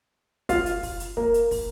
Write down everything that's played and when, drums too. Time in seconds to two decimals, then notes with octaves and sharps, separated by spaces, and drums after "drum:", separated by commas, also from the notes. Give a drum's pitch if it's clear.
0.49 F4 F5, drum: kick, hi-hat
0.66 drum: hi-hat
0.83 drum: kick, open hi-hat
1.00 drum: hi-hat
1.17 A#3 A#4, drum: kick
1.34 drum: hi-hat
1.51 drum: kick, open hi-hat